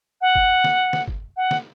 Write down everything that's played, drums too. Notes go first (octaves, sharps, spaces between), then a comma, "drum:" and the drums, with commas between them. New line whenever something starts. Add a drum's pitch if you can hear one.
F#5
drum: kick G1
drum: snare
drum: snare
drum: kick G1
F#5
drum: snare